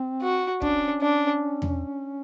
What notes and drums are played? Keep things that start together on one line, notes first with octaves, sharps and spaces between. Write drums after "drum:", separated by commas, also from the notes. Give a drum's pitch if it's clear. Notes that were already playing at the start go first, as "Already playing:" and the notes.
Already playing: C4
F#4
C#4 D4, drum: kick
D4
drum: tom E2